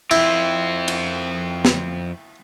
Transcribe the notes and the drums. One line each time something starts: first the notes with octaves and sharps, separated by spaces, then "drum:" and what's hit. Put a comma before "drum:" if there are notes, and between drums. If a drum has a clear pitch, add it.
F2 C4 E4, drum: cymbal
drum: cymbal
drum: snare